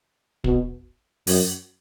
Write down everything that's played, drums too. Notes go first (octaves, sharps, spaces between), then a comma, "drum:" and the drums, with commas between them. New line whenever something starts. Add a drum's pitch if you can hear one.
B2, drum: kick
F#2, drum: open hi-hat